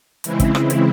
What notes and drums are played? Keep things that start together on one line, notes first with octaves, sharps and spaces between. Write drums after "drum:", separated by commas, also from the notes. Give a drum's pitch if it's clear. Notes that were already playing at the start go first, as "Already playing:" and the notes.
C#3 E3 G#3 C4 E4, drum: hi-hat
drum: kick, hi-hat
drum: rim click
drum: hi-hat